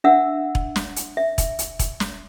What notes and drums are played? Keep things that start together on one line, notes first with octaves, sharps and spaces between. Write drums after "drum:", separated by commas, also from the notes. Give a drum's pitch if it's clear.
D4 E5 F#5 E6
drum: kick E1
drum: snare
drum: hi-hat
E5
drum: kick E1, hi-hat
drum: hi-hat
drum: kick E1, hi-hat
drum: snare